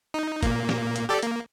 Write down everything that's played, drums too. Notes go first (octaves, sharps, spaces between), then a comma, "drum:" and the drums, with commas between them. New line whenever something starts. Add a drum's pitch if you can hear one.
D#4
A#2 A#3, drum: kick, hi-hat
drum: snare
drum: hi-hat
G4 A4 D5
A#3, drum: hi-hat